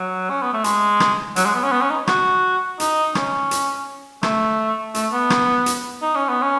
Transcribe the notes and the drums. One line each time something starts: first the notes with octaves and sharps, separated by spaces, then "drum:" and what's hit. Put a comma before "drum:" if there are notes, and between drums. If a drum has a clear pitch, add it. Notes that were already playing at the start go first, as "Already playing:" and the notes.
Already playing: F#3
C#4
B3
A3
G#3, drum: hi-hat
drum: rim click
F#3, drum: hi-hat
G#3
B3
C#4
B3
C#4
D#4
F#4, drum: rim click
D#4, drum: hi-hat
C#4, drum: rim click
drum: hi-hat
A3, drum: rim click
A3, drum: hi-hat
B3
drum: rim click
drum: hi-hat
D#4
C#4
B3
C#4